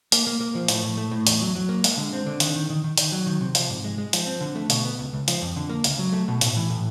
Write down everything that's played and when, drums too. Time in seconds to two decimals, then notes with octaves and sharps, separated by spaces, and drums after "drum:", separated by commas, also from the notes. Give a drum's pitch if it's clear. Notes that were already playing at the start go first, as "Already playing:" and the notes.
0.12 A#3, drum: hi-hat
0.27 A#3
0.41 A#3
0.55 F3
0.68 A2, drum: hi-hat
0.83 A2
0.97 A3
1.11 A2
1.27 E2, drum: hi-hat
1.41 F#3
1.55 F#3
1.69 A#3
1.84 G#3, drum: hi-hat
1.97 D3
2.13 C4
2.26 D3
2.40 D#3, drum: hi-hat
2.56 D#3
2.70 D#3
2.84 D#3
2.97 D#3, drum: hi-hat
3.12 F#3
3.26 D#3
3.41 C3
3.55 F3, drum: hi-hat
3.70 G#2
3.84 G#3
3.98 G#3
4.13 F3, drum: hi-hat
4.26 C4
4.41 D3
4.55 A3
4.70 B2, drum: hi-hat
4.85 B3
4.98 C#2
5.13 C#2
5.28 F3, drum: hi-hat
5.42 F2
5.56 D3
5.70 A#3
5.84 C#2, drum: hi-hat
5.99 F#3
6.12 A3
6.28 B2
6.41 A2, drum: hi-hat
6.57 E3
6.70 A2